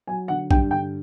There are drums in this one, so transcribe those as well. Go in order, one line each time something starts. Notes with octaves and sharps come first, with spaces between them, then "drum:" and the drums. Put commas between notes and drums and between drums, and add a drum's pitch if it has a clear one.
F#3 G#5
D3 F#5
G2 G5, drum: kick
D3 G5